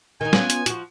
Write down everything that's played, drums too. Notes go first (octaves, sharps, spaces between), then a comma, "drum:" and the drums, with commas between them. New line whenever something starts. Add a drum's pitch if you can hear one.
D#3 D#4 G#5
B3 C#4 F4, drum: snare
drum: hi-hat
F3 F#4, drum: hi-hat